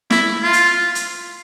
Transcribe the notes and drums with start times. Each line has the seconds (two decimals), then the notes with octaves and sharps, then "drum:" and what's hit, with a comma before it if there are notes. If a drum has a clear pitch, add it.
0.10 E4, drum: snare
0.43 F4
0.53 drum: hi-hat
0.95 drum: hi-hat